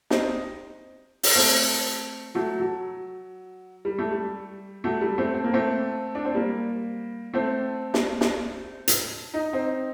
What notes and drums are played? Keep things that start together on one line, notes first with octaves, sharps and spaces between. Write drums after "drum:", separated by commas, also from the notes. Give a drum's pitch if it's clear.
C4 D#4, drum: snare
drum: open hi-hat
A3 C4
F#3 A3
F#3
G3
A3
G3
F#3 A3
G3
A3 C4
C4
A#3
A3 C4
D4
C4
G3 A#3
A3 C4
drum: snare
drum: snare
drum: hi-hat
D#4
C4 D#4